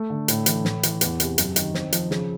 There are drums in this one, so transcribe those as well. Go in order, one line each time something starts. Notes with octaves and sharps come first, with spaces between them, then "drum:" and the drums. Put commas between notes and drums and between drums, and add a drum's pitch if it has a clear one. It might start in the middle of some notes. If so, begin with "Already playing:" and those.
Already playing: A3
D3
A2, drum: hi-hat
E3, drum: hi-hat
A2, drum: snare
E3, drum: hi-hat
E2, drum: hi-hat
C3, drum: hi-hat
F#2, drum: hi-hat
D#3, drum: hi-hat
C4, drum: snare
F3, drum: hi-hat
C#3, drum: snare